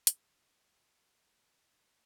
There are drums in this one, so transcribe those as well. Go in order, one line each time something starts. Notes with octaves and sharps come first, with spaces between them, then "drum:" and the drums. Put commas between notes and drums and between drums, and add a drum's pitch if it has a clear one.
F#3 G3 A3 F4 G#4, drum: hi-hat
F#3 D4 F#4
F#3 D4 A4 E5 F5
A#3 C#4 B4